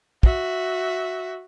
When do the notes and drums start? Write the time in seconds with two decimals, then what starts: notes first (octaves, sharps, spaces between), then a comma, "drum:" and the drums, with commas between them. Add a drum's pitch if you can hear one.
0.23 F#4 E5, drum: kick